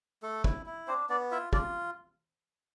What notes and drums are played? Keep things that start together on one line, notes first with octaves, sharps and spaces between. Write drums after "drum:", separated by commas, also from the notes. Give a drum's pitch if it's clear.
A3 A4
E4, drum: kick
E4
C4 D4 C5
B3 D4 D5
E4 F4 E5
D4 F4 D5, drum: kick